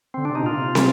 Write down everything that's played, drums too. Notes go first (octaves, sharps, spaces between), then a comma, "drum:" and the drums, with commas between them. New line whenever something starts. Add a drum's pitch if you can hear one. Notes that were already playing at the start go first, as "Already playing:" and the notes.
D3 C4
D4
C3 D#4
A#2 F4
C3
drum: snare